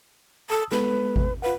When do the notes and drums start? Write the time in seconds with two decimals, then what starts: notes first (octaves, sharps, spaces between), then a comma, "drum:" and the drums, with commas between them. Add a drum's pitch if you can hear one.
0.50 A4 A5 D#6 E6
0.71 G#3 B3 A4 B4, drum: snare
1.16 drum: kick G#1
1.42 F4 B4 F5 F#5